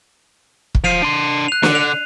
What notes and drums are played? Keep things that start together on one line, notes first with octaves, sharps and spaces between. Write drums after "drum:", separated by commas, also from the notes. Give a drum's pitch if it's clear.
drum: kick
F3 C7 D#7 F7
D4 C6
F#6 F7
D3, drum: snare
F7